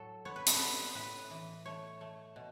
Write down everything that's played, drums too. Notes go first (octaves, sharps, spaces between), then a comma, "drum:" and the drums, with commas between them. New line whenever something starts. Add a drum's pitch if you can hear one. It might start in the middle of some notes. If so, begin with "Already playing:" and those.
Already playing: A2 F#3 A4
B3 C#5
B4
A4, drum: hi-hat
B3 B4
A2 B4
E3
A3 C#5
A3
B2